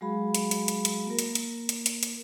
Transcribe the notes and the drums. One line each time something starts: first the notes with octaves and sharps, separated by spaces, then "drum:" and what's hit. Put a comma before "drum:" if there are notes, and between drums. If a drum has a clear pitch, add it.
F#3 G#3 F#4 G#4 F5 B5
drum: hi-hat
drum: hi-hat
drum: hi-hat
drum: hi-hat
A#3 A#4
drum: hi-hat
drum: hi-hat
drum: hi-hat
drum: hi-hat
drum: hi-hat